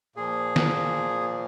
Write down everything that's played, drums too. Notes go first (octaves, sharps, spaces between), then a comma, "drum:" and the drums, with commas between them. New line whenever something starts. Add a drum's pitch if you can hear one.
A#2 F3 G#4
drum: snare